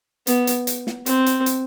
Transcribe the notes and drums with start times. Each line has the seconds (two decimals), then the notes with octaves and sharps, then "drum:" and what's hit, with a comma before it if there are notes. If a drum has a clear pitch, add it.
0.27 B3, drum: hi-hat
0.47 drum: hi-hat
0.67 drum: hi-hat
0.87 drum: snare
1.06 C4, drum: hi-hat
1.26 drum: hi-hat
1.46 drum: hi-hat